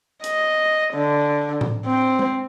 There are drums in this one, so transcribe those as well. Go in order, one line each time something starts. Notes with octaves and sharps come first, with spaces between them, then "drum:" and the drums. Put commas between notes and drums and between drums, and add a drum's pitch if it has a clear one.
D#5, drum: hi-hat
D3
drum: tom A2
C4
drum: tom G#3